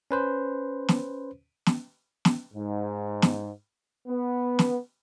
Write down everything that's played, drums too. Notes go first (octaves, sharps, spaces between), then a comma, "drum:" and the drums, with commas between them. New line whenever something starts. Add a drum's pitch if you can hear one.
C#4 B4 C5
drum: snare
drum: snare
drum: snare
G#2
drum: snare
B3
drum: snare